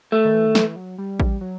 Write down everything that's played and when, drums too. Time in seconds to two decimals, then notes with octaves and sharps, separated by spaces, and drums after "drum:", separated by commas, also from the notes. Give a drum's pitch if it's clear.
0.12 A3
0.25 D#3
0.34 E3
0.46 D#3
0.55 E3, drum: snare
0.76 F#3
0.98 G3
1.20 drum: kick A1
1.41 F#3